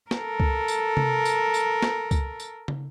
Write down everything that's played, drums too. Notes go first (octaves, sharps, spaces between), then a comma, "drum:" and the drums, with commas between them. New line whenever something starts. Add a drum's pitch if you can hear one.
A4 A#4, drum: snare
drum: kick C#2
drum: tambourine
drum: tom C3
drum: tambourine
drum: tambourine
drum: snare
drum: kick C#2, tambourine
drum: tambourine
drum: tom